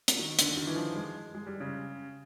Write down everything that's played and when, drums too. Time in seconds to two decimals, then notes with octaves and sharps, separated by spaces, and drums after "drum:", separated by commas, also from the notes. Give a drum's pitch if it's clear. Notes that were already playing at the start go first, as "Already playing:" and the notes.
0.08 drum: hi-hat
0.19 D#3
0.39 D3, drum: hi-hat
0.52 D3
0.57 D#3
0.67 E3
0.76 F3
0.96 G#3
1.35 G#3
1.46 G3
1.60 C#3